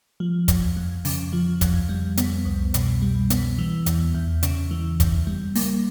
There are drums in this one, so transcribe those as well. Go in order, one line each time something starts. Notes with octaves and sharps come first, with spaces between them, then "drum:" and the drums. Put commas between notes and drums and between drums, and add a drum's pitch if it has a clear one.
F3
F2, drum: kick, hi-hat
F2
C#3, drum: open hi-hat
F3
F2, drum: kick, hi-hat
G3
B3, drum: hi-hat
C2
B2, drum: hi-hat
G3
B3, drum: hi-hat
E3
E2, drum: hi-hat
E2
C#3, drum: hi-hat
E3
E2, drum: kick, hi-hat
G3
A#3, drum: open hi-hat